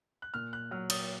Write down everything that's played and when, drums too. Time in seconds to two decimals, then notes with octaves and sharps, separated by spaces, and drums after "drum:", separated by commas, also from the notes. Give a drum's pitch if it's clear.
0.22 F#6
0.34 A#2 F6
0.53 F#6
0.71 F#3 F6
0.90 D#6, drum: cymbal